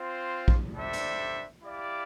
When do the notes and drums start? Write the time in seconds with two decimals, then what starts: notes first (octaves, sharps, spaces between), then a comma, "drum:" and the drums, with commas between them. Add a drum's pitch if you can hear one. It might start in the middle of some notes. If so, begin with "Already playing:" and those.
Already playing: C4 F4 C5
0.48 drum: kick A#1
0.74 G3 D4 A4 C5 E5
0.93 drum: hi-hat
1.63 E4 G4 D5 F5